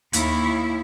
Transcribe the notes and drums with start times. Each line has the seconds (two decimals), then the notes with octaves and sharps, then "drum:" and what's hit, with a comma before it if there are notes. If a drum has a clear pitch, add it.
0.13 D#2 E4, drum: hi-hat